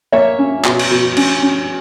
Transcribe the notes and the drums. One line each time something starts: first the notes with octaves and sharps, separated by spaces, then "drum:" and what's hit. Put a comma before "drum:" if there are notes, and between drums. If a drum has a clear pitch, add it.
A#3 C#5 E5
C#4
B2, drum: clap
drum: cymbal
B2
C#4, drum: cymbal
C#4